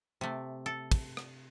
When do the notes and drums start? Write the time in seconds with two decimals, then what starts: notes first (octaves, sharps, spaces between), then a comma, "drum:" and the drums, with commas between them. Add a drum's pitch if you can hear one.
0.21 C3 A3
0.66 A4
0.92 drum: kick, cymbal
1.17 drum: rim click